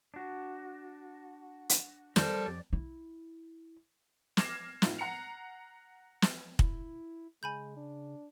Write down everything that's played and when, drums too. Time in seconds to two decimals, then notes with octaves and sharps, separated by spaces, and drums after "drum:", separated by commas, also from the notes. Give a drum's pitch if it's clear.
0.14 D4 F#4
1.69 drum: hi-hat
2.16 G3 A4 A#4 C5, drum: snare
2.46 F2 D5
2.73 E4
4.37 D6 F6 G#6 A#6 C7 E7, drum: snare
4.82 A2 D#4 F4, drum: snare
4.98 F#5 A#5 C7 C#7 F7
6.22 drum: snare
6.59 E4, drum: kick
7.43 C#3 G#3 G#5 B5 G6
7.77 D4